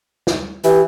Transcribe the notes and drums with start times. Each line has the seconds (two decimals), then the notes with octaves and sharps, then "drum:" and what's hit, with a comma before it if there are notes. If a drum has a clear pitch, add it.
0.27 drum: snare
0.64 E3 G4